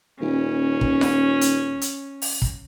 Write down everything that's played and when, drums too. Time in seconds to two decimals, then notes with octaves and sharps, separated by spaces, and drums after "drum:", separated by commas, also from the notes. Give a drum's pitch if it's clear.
0.21 D#1 C#4
0.81 drum: kick
1.01 drum: snare F4
1.41 drum: hi-hat
1.81 drum: hi-hat
2.22 drum: open hi-hat
2.42 drum: kick